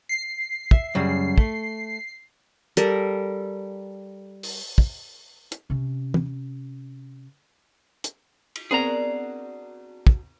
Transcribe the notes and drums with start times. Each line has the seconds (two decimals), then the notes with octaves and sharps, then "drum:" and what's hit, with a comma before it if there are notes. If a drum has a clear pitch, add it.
0.09 C7
0.71 E5, drum: kick
0.95 F#2 C#3 G3
1.38 A3, drum: kick
2.77 G3 A4 A#4, drum: hi-hat
4.43 drum: open hi-hat
4.78 drum: kick
5.52 drum: hi-hat
5.70 C3 C#4
6.14 drum: tom
8.04 drum: hi-hat
8.56 drum: cymbal
8.71 B3 C4 D4 F#4 G#4 A#4 A#5
10.07 drum: kick